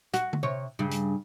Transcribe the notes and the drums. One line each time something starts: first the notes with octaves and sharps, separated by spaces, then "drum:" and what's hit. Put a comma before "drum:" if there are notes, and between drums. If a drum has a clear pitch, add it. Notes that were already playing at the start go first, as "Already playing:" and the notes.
F#4, drum: hi-hat
drum: tom D3
C3 C#5
G2 C#3
drum: hi-hat